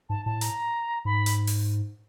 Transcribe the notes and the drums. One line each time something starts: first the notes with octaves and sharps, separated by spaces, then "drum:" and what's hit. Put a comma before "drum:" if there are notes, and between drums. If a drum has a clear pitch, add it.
G#2 A5
A2 A5
A#5, drum: hi-hat
G#2 B5
drum: hi-hat
drum: open hi-hat